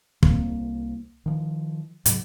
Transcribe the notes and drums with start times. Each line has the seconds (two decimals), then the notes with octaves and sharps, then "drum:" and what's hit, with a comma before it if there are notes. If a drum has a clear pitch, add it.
0.23 C2 A#3, drum: kick
1.26 D#3 F3
2.06 G#2 C3 F#3, drum: hi-hat